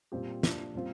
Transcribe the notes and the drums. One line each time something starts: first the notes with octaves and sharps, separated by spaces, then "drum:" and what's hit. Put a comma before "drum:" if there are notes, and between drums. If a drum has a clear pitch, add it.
A#2 G3 C4 F4 G4
A#2 F3 D4 F4, drum: snare
A#2 G3 C4 F4